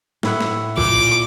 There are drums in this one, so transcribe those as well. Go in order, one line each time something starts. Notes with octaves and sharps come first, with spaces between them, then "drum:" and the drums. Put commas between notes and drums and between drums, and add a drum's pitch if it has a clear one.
A2 E4 F#5, drum: snare
drum: snare
A#2 D6, drum: kick